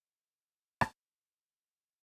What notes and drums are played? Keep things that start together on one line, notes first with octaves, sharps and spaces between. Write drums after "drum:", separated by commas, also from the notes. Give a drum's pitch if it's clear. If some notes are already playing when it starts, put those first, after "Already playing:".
D4 D#4
drum: rim click